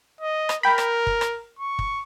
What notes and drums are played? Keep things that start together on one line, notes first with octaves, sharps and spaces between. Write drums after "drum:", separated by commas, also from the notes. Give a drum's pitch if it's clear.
D#5
drum: rim click
A#4 G5 B5
drum: rim click
drum: kick
drum: rim click
C#6
drum: kick